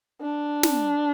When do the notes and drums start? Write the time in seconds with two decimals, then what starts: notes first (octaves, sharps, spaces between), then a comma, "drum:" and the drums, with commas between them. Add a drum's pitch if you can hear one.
0.21 D4
0.63 drum: snare